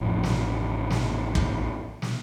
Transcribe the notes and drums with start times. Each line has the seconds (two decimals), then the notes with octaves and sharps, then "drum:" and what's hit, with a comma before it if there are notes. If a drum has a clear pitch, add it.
0.01 A1 F2
0.23 drum: snare
0.90 drum: snare
1.35 drum: kick
2.02 drum: snare